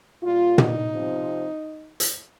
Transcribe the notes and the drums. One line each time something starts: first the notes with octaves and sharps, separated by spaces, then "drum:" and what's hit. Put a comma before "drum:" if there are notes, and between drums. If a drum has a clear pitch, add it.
A#2 G3 A#3 F4
D#4, drum: tom
C3 F3 C4
drum: hi-hat